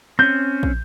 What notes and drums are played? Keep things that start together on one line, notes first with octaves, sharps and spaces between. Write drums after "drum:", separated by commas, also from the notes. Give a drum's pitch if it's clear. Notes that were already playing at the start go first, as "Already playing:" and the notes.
C4 C#4 G6
drum: kick